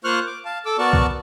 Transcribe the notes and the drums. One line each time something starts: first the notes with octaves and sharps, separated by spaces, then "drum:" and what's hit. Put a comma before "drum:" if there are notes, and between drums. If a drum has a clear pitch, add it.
A#3 F4 C5 C#6 F6 F#6
D6
F5 A5
A4 D6 E6
B3 F#4 A#4 D5 A5 C#6
drum: kick C2